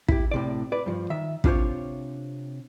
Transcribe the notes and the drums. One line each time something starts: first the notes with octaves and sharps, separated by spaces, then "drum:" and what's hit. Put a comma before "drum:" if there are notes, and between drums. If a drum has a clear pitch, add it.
E4 G4, drum: kick
A2 C3 D5
B4 D5
G2 F3
D#3 E5
C3 D4 F4 A4 C5 C#5, drum: kick